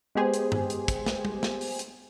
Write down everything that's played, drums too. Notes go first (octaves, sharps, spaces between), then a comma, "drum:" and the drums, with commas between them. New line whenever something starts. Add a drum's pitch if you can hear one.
G#3 B3 G4 G#4 C5
drum: hi-hat
drum: tom G2
drum: hi-hat
drum: kick, hi-hat
drum: snare
drum: tom
drum: snare
drum: open hi-hat
drum: hi-hat